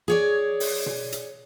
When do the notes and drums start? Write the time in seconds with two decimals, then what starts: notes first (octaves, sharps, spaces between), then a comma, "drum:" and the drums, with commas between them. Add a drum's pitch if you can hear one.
0.08 G#4 C#5 D5
0.60 drum: open hi-hat
0.86 drum: tom B2
1.12 drum: hi-hat